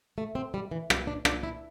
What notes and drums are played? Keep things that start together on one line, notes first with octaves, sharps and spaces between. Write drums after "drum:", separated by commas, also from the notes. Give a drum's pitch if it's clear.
A3
C4
G3
E3
G3, drum: rim click
D4
D4, drum: rim click
E4